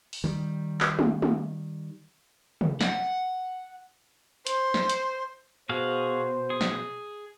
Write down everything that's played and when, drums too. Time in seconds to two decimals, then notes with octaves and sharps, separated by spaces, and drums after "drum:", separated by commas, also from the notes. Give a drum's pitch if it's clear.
0.13 drum: open hi-hat
0.24 D#3 G3
0.80 drum: clap
0.99 drum: tom
1.22 drum: tom
2.61 drum: tom
2.81 F#5, drum: snare
4.47 C5, drum: hi-hat
4.74 drum: snare
4.90 drum: hi-hat
5.69 B2 F#4 G#4 C5 F5
6.50 G#4
6.61 drum: snare